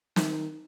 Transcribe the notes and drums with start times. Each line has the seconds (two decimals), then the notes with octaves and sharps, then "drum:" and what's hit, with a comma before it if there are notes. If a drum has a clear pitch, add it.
0.16 D#3, drum: snare